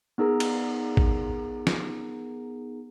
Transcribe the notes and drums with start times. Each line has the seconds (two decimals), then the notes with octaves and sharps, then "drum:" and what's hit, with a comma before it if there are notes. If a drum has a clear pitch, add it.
0.18 B3 D#4 G#4 A#4 A#5
0.40 drum: cymbal
0.97 drum: kick A1
1.67 drum: snare